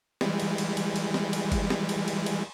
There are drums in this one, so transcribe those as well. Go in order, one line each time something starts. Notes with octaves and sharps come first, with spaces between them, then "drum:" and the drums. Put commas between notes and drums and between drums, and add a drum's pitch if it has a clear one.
E3 G3 G#3, drum: snare
drum: cymbal
drum: cymbal
drum: cymbal
drum: cymbal
drum: snare
drum: cymbal
drum: kick G1, cymbal
drum: snare
drum: cymbal
drum: cymbal
drum: cymbal